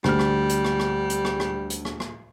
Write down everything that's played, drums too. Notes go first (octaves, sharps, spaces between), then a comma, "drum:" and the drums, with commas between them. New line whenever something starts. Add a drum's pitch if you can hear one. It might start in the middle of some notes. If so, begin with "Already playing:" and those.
D2 G3 F6, drum: rim click
drum: rim click
drum: hi-hat
drum: rim click
drum: rim click
drum: hi-hat
drum: rim click
drum: rim click
drum: hi-hat
drum: rim click
drum: rim click